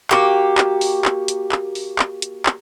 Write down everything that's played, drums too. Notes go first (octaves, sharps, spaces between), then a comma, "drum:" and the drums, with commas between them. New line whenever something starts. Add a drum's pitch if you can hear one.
A#3 F#4 G4, drum: clap
drum: clap
drum: open hi-hat
drum: clap
drum: hi-hat
drum: clap
drum: open hi-hat
drum: clap
drum: hi-hat
drum: clap